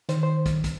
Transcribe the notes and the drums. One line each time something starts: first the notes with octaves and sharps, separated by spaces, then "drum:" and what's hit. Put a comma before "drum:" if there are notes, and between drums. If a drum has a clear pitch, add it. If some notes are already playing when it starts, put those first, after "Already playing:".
D#3 C5, drum: hi-hat
C5
drum: kick, hi-hat
drum: kick, hi-hat